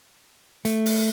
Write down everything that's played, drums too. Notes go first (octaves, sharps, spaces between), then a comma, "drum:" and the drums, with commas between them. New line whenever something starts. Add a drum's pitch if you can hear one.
A3, drum: hi-hat
drum: open hi-hat